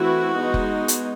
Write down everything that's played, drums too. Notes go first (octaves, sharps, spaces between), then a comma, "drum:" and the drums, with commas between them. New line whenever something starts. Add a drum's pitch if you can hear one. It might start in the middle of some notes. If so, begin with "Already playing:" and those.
Already playing: E3 A3 C4 E4 F#4
G#3 B3 D#4
drum: kick F1
drum: hi-hat